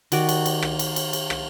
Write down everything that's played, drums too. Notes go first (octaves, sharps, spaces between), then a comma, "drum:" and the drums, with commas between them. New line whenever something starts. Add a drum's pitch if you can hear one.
D#3 F#4 D5, drum: cymbal
drum: cymbal
drum: cymbal
drum: rim click
drum: cymbal
drum: cymbal
drum: cymbal
drum: rim click